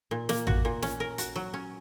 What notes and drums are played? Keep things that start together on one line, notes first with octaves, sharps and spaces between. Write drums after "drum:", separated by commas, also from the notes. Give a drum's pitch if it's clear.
A#2
A#3, drum: snare
F#4, drum: tom A1
A#2
C#4, drum: snare
A#4
F#4, drum: hi-hat
F#3
C#4